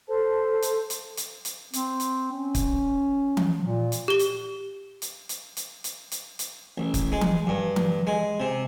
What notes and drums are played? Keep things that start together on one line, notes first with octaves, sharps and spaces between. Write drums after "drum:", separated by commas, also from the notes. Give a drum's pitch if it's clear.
A4 C5 A5
drum: hi-hat
drum: hi-hat
drum: hi-hat
drum: hi-hat
C4, drum: hi-hat
drum: hi-hat
C#4
drum: kick, hi-hat
drum: tom E3
A#2
drum: hi-hat
G4 G7
drum: hi-hat
drum: hi-hat
drum: hi-hat
drum: hi-hat
drum: hi-hat
drum: hi-hat
drum: hi-hat
A1
drum: kick, hi-hat
G#3
drum: tom E3
G2
drum: tom E3
G#3
C3